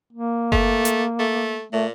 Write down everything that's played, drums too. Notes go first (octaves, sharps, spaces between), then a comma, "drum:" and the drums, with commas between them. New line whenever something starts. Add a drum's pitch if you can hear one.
A#3
A3, drum: kick F#1
drum: hi-hat
A3
A#2 A3